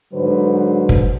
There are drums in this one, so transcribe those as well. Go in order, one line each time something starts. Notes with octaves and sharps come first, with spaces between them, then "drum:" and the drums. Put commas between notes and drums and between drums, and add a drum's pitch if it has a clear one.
G#2 D3 F#3 B4 C5
drum: kick